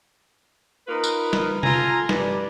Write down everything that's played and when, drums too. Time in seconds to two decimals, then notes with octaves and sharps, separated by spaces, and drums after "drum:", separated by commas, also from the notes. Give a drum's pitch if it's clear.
0.88 D#4 F4 A#4 B4
1.04 drum: tambourine
1.33 drum: snare
1.63 F4 A4 G#5 A#5, drum: tom C3
2.09 G2 B4 D5, drum: snare